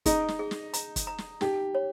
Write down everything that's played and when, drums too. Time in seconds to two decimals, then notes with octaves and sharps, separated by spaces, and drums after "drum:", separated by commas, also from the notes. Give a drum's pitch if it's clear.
0.06 D#4 G#4, drum: kick, hi-hat
0.28 drum: snare
0.39 G#4
0.51 drum: snare
0.74 A#5, drum: hi-hat
0.96 drum: kick, hi-hat
1.07 A#5
1.18 drum: snare
1.41 D#4 G4, drum: snare
1.75 C#5